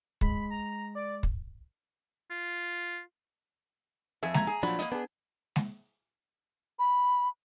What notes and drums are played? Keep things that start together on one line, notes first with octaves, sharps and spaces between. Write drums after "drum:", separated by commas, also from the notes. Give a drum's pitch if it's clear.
G#3 B5, drum: kick
A#5
D5
drum: kick
F4
F2 G#4 E5
A#5 G#6, drum: snare G#3
G#4
A#2 F3 F#3 D4 B5
A#3 D#5, drum: hi-hat
B3 D4 G#4
drum: snare G#3
B5